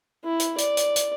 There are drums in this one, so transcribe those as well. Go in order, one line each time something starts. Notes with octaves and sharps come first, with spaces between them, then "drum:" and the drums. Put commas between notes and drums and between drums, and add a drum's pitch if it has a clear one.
E4
drum: hi-hat
D5, drum: hi-hat
drum: hi-hat
drum: hi-hat